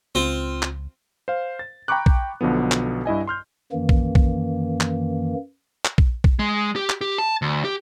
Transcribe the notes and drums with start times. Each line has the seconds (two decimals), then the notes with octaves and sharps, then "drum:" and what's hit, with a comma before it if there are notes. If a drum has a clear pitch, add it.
0.15 C#2 C4 F4
0.62 drum: clap
1.28 C5 F5
1.59 A6
1.88 G5 A#5 B5 C#6 D6 F#6
2.06 drum: kick A#1
2.41 B1 B2 D3 F3 B3
2.72 drum: clap
3.06 G2 E4 D#5 G#5
3.27 C6 F6 G6
3.73 F#2 D#3 E3 A#3
3.89 drum: kick A#1
4.15 drum: kick A#1
4.81 drum: clap
5.85 drum: clap
5.98 drum: kick A#1
6.24 drum: kick A#1
6.39 G#3
6.76 G4
6.90 drum: clap
7.01 G4
7.18 A5
7.42 D2
7.65 G4